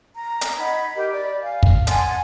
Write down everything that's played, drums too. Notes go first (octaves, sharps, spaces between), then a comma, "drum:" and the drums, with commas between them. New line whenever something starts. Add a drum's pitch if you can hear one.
A#5
drum: hi-hat
D#4 F#5 B5 G#6
G4 A#4 D#5
D5 B5
F5 G#5
drum: kick
F#5 G#5 A5 C6, drum: hi-hat